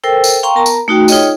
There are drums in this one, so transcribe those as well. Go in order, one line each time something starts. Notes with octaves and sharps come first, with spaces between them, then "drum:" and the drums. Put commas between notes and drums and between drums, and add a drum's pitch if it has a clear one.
A4 A#4 C5 G5 E6
drum: tambourine
F5 G5 A#5 C6 C#6
B3 A#4 A5 A#5
drum: tambourine
A3 D#4 F#4 G5
D#4 F4 G#4 C#5 D#5 G5, drum: tambourine